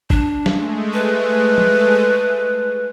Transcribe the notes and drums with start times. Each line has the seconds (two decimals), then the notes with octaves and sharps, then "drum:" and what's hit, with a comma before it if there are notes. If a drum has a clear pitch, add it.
0.10 D4, drum: kick A1
0.46 G#3 A3, drum: snare
0.93 B4
1.58 drum: tom